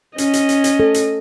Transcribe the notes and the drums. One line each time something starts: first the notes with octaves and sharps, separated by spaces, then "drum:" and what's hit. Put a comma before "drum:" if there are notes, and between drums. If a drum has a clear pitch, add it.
C#4 D#5, drum: hi-hat
drum: hi-hat
drum: hi-hat
drum: hi-hat
A4
drum: hi-hat